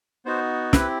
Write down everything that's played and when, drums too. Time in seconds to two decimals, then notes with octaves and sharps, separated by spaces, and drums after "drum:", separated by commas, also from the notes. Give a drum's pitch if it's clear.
0.25 B3 D#4 F#4 C5
0.73 C4 E4 G4 B4, drum: snare